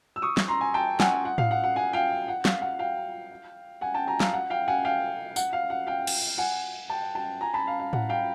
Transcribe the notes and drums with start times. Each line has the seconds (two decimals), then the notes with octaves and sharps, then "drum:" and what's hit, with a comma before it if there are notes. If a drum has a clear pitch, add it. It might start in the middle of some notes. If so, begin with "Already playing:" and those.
0.16 E6
0.22 C#6 D#6
0.37 drum: snare
0.48 A#5 C6
0.61 G#5 A#5
0.74 G5 A5
1.00 F#5 G#5, drum: snare
1.25 F#5
1.38 F5, drum: tom A2
1.51 F#5
1.64 F#5
1.76 F#5 G#5
1.93 F5 G5
2.28 F#5
2.45 F5, drum: snare
2.61 F#5
2.79 F5 G5
3.81 F#5 G#5
3.94 G5 A5
4.07 G#5 A#5
4.20 F5, drum: snare
4.33 F#5
4.50 F5 G5
4.68 F#5 G#5
4.85 F5 G5
5.36 F#5, drum: tambourine
5.53 F5
5.70 F#5
5.87 F5 G5
6.07 drum: cymbal
6.38 F#5 G#5
6.90 G5 A5
7.15 G5 A5
7.41 G#5 A#5
7.54 A5 B5
7.67 F5
7.80 F5
7.93 F#5, drum: tom A2
8.09 F5 G5